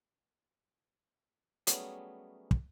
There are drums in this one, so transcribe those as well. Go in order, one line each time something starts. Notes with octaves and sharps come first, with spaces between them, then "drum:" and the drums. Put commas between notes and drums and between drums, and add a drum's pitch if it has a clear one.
F#3 G3 A3 B3 C#4 G#4, drum: hi-hat
drum: kick